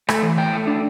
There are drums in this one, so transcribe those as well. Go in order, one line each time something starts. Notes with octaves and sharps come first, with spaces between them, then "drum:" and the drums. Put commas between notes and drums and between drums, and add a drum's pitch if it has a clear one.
A3, drum: rim click
E3
A2 G5
A3
D4